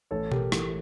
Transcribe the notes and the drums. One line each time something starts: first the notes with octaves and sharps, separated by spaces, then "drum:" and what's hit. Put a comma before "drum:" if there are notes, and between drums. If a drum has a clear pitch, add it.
A1 A4 C#5
A1 G4 A#4, drum: tom B2
E3, drum: rim click